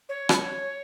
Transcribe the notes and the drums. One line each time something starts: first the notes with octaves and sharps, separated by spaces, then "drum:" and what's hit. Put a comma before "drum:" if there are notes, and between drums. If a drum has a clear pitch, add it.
C#5
drum: rim click